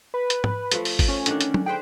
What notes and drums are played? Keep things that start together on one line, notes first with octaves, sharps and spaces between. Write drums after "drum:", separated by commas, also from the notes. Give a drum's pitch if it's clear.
B4
drum: hi-hat
drum: tom
F3 A3, drum: hi-hat
drum: open hi-hat
drum: kick G#1, open hi-hat
C#4
D3 D#3 D4, drum: hi-hat
drum: hi-hat
drum: tom
G#4 B4 C5 G5